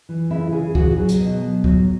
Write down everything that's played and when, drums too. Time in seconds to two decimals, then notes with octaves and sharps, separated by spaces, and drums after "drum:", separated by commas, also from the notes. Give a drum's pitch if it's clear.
0.09 E3
0.30 C#3 E4
0.52 C#3 G#4
0.75 E3 F#4, drum: kick D2
0.97 F#3 G#4
1.08 drum: hi-hat
1.19 B2
1.41 F#3
1.64 F#3, drum: kick D2